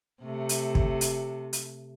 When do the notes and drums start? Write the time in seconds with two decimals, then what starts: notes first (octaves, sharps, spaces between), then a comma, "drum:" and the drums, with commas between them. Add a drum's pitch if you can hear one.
0.23 C3 A3
0.49 drum: hi-hat
0.75 drum: kick
1.01 drum: hi-hat
1.53 drum: hi-hat